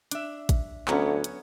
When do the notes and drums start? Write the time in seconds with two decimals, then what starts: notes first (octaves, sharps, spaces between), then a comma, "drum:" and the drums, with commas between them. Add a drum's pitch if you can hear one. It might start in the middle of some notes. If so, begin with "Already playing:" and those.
0.11 D4 E5, drum: hi-hat
0.49 drum: kick, hi-hat
0.88 D2 F#3 B3 C#4, drum: clap
1.24 drum: hi-hat